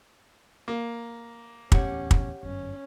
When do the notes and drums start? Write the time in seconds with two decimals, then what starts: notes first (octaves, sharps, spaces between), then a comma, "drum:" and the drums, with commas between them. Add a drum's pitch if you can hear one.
0.68 A#3
1.72 D1 E2 A3 C#4 G4 C#5 F#5, drum: kick
2.11 drum: kick
2.43 G1 F#2 C#4